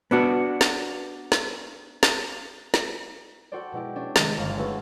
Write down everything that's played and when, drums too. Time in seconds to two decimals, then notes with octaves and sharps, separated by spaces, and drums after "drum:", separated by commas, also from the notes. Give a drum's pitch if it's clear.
0.11 B3 D4 F#4
0.61 drum: snare
1.32 drum: snare
2.03 drum: snare
2.74 drum: snare
3.52 F#4 G4 A4 C5 D5
3.72 B2 G#3 E4 G4
3.95 C#4 D4
4.16 C3 D#3 G#3 A3, drum: snare
4.38 G1 G#3 D4 F5
4.58 A3 C#4 F#4 G#4 A4 B4